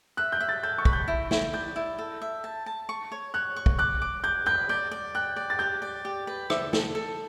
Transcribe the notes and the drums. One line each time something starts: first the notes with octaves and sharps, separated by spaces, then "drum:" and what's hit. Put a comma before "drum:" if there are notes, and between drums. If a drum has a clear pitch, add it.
E5 F#6
G6
E5
A6
A4 G6
C#6
B5, drum: kick
G6
E4
E4, drum: snare
D5 G6
E4
A4
E5
A5
A5
C#6
C#5
C#5 F#6
C#6
drum: kick
D6 F#6
D6
D6 G6
B4 G6
D5 G6
D5
G5 F#6
D5
A6
G4 G6
D5
G4
B4
E5, drum: rim click
A4, drum: snare
A4